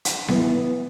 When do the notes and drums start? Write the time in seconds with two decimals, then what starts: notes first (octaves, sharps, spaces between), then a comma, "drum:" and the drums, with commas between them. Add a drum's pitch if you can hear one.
0.05 drum: hi-hat
0.28 E3 B3, drum: snare B3